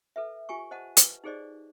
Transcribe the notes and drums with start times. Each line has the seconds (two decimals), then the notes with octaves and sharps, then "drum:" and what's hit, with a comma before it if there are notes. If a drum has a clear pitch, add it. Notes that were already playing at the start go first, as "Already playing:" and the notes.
0.16 A4 B4 E5
0.49 F4 G4 G#5 C#6
0.71 C5 D#5 F#5 A5
0.97 B4, drum: hi-hat
1.24 D#4 G4 G#4 C5 D5 D#5